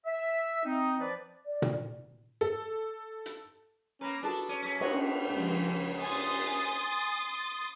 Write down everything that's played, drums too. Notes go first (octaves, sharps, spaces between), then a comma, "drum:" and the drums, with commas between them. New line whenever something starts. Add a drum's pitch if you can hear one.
E5
C4 D#4
F3 B4 D5
D5
drum: tom A#2
A4
drum: hi-hat
A#3 C#4 B4 A#5
D4 F#4 G#4 A4 B4 A5
C#4 D#7
F#2 C#4 B6
A#2 C#5 D#5 F#5, drum: cymbal
C#2 F3
G#5 C6 D#6 A6